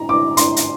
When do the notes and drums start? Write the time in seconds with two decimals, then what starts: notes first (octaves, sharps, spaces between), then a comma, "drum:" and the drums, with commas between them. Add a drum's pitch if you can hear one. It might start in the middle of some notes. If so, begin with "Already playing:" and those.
Already playing: A#5
0.09 D6
0.37 C6, drum: hi-hat
0.56 drum: hi-hat